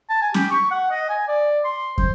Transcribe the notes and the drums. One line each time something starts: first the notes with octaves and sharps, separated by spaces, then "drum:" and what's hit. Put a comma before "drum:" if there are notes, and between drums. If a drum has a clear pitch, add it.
A5
G#5
G4, drum: snare
C#6
F#5
D#5
G#5
D5
C6
C5, drum: kick